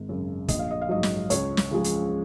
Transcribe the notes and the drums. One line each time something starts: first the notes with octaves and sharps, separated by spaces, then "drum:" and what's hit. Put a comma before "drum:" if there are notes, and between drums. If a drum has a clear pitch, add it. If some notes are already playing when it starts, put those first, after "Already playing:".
Already playing: G#1
F#2 C#3
A#1 D#5, drum: kick, hi-hat
F5
D#5
F5
G#2 F#3 D#5
drum: snare
C#2 C#5, drum: hi-hat
drum: snare
C#3 F3 G#3
drum: hi-hat